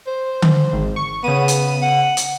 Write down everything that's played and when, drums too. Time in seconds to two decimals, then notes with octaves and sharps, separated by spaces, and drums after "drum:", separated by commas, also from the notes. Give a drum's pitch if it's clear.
0.07 C5
0.42 drum: tom D3
0.73 G#1
0.96 C#6
1.24 C#3 B3 D#7
1.48 drum: hi-hat
1.82 F#5
2.17 drum: hi-hat